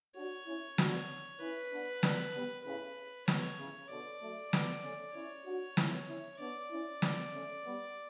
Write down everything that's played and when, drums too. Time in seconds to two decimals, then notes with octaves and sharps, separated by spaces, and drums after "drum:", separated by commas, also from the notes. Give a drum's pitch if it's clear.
0.16 D4 F#4 C#5
0.46 C#4 E4
0.78 D4 F#4, drum: snare
1.40 C#4 E4 B4
1.72 B3 D4
2.03 B3 D4, drum: snare
2.34 G3 B3
2.65 A2 C#3 B4
3.28 B2 C#5, drum: snare
3.59 A2 C#3
3.90 B2 D3 D5
4.22 F#3 A3
4.53 G3 B3, drum: snare
4.83 A3 C#4
5.15 C#4 E4 C#5
5.46 D4 F#4
5.77 C#4 E4, drum: snare
6.08 C#4 E4
6.40 B3 D4 D5
6.71 C#4 E4
7.02 B3 D4, drum: snare
7.33 A3 C#4
7.65 G3 B3